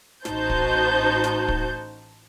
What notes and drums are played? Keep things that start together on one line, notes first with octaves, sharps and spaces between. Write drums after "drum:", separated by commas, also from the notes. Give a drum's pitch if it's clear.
A1 D#4 F#4 C5 A5 G6, drum: snare
drum: kick
drum: snare
drum: kick